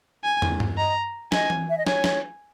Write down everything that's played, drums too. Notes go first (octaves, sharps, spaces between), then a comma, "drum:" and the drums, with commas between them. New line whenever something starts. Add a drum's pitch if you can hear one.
G#5
drum: tom
drum: tom G2
D#5 A#5
D#5 G#5, drum: snare
drum: tom E3
E5
D#5
C#5 G#5, drum: snare
drum: snare